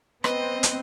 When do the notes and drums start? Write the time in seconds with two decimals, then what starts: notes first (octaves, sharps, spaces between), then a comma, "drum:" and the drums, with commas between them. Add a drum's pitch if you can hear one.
0.24 B3 C4 B4 D#5, drum: rim click
0.63 drum: hi-hat